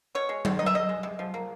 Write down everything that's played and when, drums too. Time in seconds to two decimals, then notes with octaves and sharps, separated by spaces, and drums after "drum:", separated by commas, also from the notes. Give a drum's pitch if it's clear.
0.15 B2 C#5
0.29 G#3
0.45 C4, drum: tom F#3
0.59 D#4 D#5
0.66 E5
0.74 B2 D#5
0.89 G#3
1.03 C3
1.19 F3
1.34 A#3